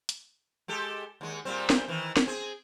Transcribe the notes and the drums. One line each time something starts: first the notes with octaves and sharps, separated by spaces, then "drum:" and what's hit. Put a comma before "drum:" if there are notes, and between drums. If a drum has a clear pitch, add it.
drum: hi-hat
G#3 G4 A4
D#2 G#3
A#2 G3 C4
drum: snare
D#3 E3
drum: snare
C4 G#4